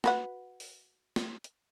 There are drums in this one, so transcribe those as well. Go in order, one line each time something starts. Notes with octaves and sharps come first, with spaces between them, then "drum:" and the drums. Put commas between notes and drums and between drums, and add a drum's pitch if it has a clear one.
F#4 B4 F#5, drum: snare
drum: open hi-hat
drum: snare
drum: hi-hat